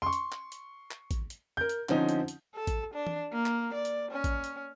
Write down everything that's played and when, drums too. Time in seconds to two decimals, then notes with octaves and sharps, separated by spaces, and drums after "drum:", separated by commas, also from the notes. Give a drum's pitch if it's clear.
0.02 C6 C#6
0.13 drum: hi-hat
0.32 drum: clap
0.52 drum: hi-hat
0.91 drum: clap
1.11 drum: kick, hi-hat
1.30 drum: hi-hat
1.57 A#4 G6
1.69 drum: hi-hat
1.89 D3 F3 C4 C#4 D#4, drum: clap
2.09 drum: hi-hat
2.28 drum: hi-hat
2.55 A4
2.67 drum: kick, hi-hat
2.94 D4
3.07 drum: tom E3
3.33 A#3
3.46 drum: clap
3.74 D5
3.85 drum: hi-hat
4.12 C#4
4.24 drum: kick, hi-hat
4.44 drum: hi-hat